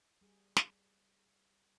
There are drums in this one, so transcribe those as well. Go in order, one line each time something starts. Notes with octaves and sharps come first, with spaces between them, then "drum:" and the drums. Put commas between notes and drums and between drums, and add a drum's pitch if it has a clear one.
G3 G#4
drum: snare